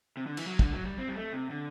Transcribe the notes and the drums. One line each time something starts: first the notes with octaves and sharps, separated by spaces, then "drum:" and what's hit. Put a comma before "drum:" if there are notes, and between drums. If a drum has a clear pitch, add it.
C3
D3
E3, drum: cymbal
F#3
D3, drum: kick
F#3
G3
C4
G3
A3
C3
D3